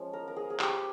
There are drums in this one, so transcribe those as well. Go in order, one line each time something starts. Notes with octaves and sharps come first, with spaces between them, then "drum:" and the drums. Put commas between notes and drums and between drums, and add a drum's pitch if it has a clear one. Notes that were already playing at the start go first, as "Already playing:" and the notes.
Already playing: F3 G#3 C#4
A#4
A#4
G#4
G#4
G4, drum: clap